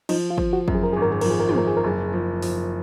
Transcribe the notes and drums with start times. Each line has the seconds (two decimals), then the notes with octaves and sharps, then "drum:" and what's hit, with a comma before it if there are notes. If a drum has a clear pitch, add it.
0.09 F3 D#4, drum: cymbal
0.30 F4
0.38 F3, drum: kick
0.53 F#4
0.68 F#2, drum: kick
0.75 G#4
0.84 A#4
0.93 G#1 G#4
1.02 A#4
1.12 G#4
1.21 F3 A#4, drum: cymbal
1.30 G#4
1.40 A#4
1.49 G#4, drum: tom
1.55 F3 A#4
1.67 G#4
1.77 A#4
1.84 F#1 G#4
2.13 F3
2.42 F3, drum: open hi-hat